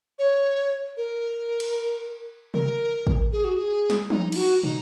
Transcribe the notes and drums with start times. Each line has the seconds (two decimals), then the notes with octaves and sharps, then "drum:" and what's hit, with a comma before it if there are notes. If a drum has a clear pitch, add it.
0.19 C#5
0.97 A#4
1.60 drum: cymbal
2.54 A#4, drum: tom C3
3.07 drum: kick
3.32 G#4
3.44 F#4
3.57 G#4
3.90 drum: snare
4.10 D#4, drum: tom F3
4.32 D#4, drum: cymbal
4.36 F#4
4.63 D#4, drum: tom